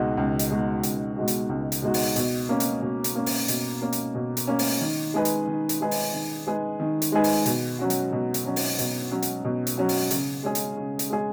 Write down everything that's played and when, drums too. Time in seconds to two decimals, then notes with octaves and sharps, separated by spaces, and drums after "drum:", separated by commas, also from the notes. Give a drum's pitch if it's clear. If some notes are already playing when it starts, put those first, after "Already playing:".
Already playing: C#2 B2 G#3 D#4 F#4
0.17 C#2
0.39 drum: hi-hat
0.50 B2 G#3 D#4 F#4
0.83 C#2, drum: hi-hat
1.16 B2 G#3 D#4 F#4
1.28 drum: hi-hat
1.49 C#2
1.72 drum: hi-hat
1.82 B2 G#3 D#4 F#4
1.94 drum: open hi-hat
2.16 B2, drum: hi-hat
2.49 A#3 C#4
2.60 drum: hi-hat
2.82 B2
3.04 drum: hi-hat
3.15 A#3 C#4
3.26 drum: open hi-hat
3.48 B2, drum: hi-hat
3.82 A#3 C#4
3.93 drum: hi-hat
4.15 B2
4.37 drum: hi-hat
4.47 A#3 C#4
4.59 drum: open hi-hat
4.81 D#3
5.14 G#3 D#4 G#4 B4
5.25 drum: hi-hat
5.47 D#3
5.69 drum: hi-hat
5.81 G#3 D#4 G#4 B4
5.91 drum: open hi-hat
6.13 D#3
6.47 G#3 D#4 G#4 B4
6.80 D#3
7.02 drum: hi-hat
7.12 G#3 D#4 G#4 B4
7.24 drum: open hi-hat
7.46 B2, drum: hi-hat
7.79 F#3 C#4 F#4
7.90 drum: hi-hat
8.12 B2
8.34 drum: hi-hat
8.45 F#3 C#4 F#4
8.56 drum: open hi-hat
8.79 B2, drum: hi-hat
9.11 F#3 C#4 F#4
9.22 drum: hi-hat
9.45 B2
9.67 drum: hi-hat
9.78 F#3 C#4 F#4
9.89 drum: open hi-hat
10.11 C#3, drum: hi-hat
10.43 G#3 C#4 G#4
10.55 drum: hi-hat
10.77 C#3
10.99 drum: hi-hat
11.10 G#3 C#4 G#4